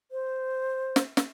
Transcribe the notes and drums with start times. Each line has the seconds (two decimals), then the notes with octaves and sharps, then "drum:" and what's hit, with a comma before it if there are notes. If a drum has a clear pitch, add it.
0.12 C5
0.96 drum: snare
1.17 drum: snare